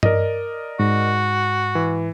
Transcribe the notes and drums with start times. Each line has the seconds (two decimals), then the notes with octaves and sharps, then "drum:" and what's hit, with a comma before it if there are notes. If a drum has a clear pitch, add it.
0.03 A#4 D5 D#5, drum: tom G2
0.80 G#2 F#4
1.75 E3